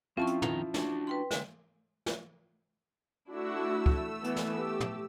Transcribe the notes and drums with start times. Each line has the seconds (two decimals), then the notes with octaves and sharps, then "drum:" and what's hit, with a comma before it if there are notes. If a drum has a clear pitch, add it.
0.17 F3 C4 C#4 E4 F4 A5 C#6
0.27 drum: hi-hat
0.42 F2 D#3 A#5, drum: tom
0.74 D4 F#4, drum: snare
1.07 B4 G5 C6
1.31 D3 G#3, drum: snare
2.06 drum: snare
3.29 A3 D4 E4 F#4 E6
3.86 drum: kick
4.24 E3 B3, drum: hi-hat
4.36 drum: snare
4.59 G4
4.80 drum: tom